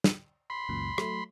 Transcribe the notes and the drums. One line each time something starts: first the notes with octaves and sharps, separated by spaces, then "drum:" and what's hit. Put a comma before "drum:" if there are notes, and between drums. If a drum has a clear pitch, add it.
drum: snare
B5 C6
C#2 F#2 A#2
F#3 A3, drum: rim click